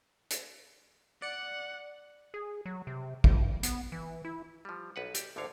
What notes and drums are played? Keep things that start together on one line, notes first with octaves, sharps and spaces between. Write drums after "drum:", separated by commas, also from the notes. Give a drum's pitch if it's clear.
drum: hi-hat
D5 F#5 C#7
G#4
F#3
C3
G2, drum: kick
B3, drum: hi-hat
E3
E4
F3 G3
B1 B4 F#5
G4, drum: hi-hat
G#1 D2 D3 D4 C#5 F5